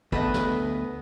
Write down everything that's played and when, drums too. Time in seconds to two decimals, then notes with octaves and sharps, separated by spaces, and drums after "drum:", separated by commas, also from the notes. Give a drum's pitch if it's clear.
0.12 D2 A3 B3 B4 D#5, drum: kick
0.34 drum: snare